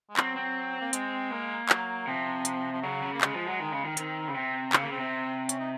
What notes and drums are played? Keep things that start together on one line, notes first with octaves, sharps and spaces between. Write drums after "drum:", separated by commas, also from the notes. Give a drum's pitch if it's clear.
G#3
F#3 C4, drum: clap
C4
A#3
G#3, drum: hi-hat
A#3
F#3, drum: clap
C3 F3
drum: hi-hat
F3
C#3 F#3
C#3
A#3
C#3 G#3, drum: clap
F3
F#3
D#3
C#3
D#3
D#3 C4, drum: hi-hat
C#3
C3
C#3 C4, drum: clap
A#3
C#3
C4
C3
C#4, drum: hi-hat
D#4